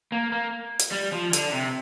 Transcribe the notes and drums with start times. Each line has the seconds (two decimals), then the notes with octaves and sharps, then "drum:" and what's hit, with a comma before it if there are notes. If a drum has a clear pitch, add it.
0.12 A#3
0.32 A#3
0.79 drum: hi-hat
0.92 G3
1.13 F3
1.33 D3, drum: hi-hat
1.53 C3